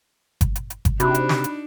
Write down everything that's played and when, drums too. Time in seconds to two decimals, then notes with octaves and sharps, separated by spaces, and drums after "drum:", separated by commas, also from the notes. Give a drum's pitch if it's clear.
0.41 drum: kick G1, hi-hat
0.56 drum: hi-hat
0.70 drum: hi-hat
0.85 drum: kick G1, hi-hat
1.00 C3 D4 D#4 F#4 B5 F#6, drum: hi-hat
1.15 drum: hi-hat
1.29 drum: snare
1.44 drum: hi-hat